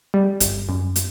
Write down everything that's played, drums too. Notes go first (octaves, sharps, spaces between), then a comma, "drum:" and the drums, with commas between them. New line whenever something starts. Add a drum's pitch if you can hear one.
G3
G1, drum: hi-hat
F#2
drum: hi-hat